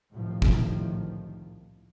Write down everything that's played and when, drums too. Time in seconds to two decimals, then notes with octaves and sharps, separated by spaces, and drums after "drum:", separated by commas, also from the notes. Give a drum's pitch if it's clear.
0.12 C2 A2 D#3 F3
0.42 drum: kick